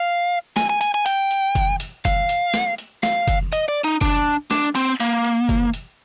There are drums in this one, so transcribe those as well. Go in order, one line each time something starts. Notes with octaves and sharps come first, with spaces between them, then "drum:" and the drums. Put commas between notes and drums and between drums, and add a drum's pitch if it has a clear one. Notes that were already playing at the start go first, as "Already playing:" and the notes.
Already playing: F5
G#5, drum: snare
G#5
G#5, drum: hi-hat
G#5
G5, drum: hi-hat
drum: hi-hat
drum: kick F#1, hi-hat
drum: hi-hat
F5, drum: kick F#1, hi-hat
drum: hi-hat
drum: snare
drum: hi-hat
F5, drum: snare
drum: kick F#1, hi-hat
D#5, drum: hi-hat
D5
D#4
D4, drum: kick F#1
D4, drum: snare
C4, drum: hi-hat
A#3, drum: hi-hat
drum: hi-hat
drum: kick F#1, hi-hat
drum: hi-hat